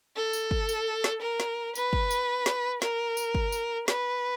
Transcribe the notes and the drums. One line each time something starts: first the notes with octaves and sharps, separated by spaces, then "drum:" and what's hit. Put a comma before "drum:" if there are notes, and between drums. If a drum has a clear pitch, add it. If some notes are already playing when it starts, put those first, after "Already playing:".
A4
drum: tambourine
drum: kick
drum: tambourine
drum: snare
A#4
drum: snare
B4, drum: tambourine
drum: kick
drum: tambourine
drum: snare
A#4, drum: snare
drum: tambourine
drum: kick
drum: tambourine
B4, drum: snare